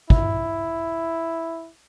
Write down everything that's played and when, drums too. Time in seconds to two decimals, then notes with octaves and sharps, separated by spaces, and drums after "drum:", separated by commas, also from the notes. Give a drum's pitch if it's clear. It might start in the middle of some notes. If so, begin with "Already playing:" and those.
0.10 E4, drum: kick